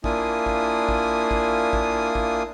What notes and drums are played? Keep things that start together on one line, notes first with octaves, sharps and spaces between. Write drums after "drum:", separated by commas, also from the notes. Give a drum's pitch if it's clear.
A#3 D4 E4 F4 G#5 D#6, drum: kick
drum: kick
drum: kick
drum: kick
drum: kick
drum: kick